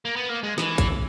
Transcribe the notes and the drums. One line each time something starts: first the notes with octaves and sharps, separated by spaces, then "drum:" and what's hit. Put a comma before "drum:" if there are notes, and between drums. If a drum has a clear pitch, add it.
A#3
B3
A#3
G#3
E3, drum: snare
drum: kick, hi-hat